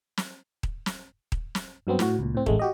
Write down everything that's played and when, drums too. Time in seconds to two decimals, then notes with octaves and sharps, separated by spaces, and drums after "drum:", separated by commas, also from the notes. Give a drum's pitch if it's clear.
0.17 drum: snare
0.63 drum: kick D#1
0.86 drum: snare
1.32 drum: kick D#1
1.55 drum: snare
1.87 G2 F#3 B3 C4
1.99 A2 F#4, drum: snare
2.19 C#2 A#2
2.35 A2 C4
2.46 A1 G#3 A3, drum: kick D#1
2.59 F#4 G4 D#5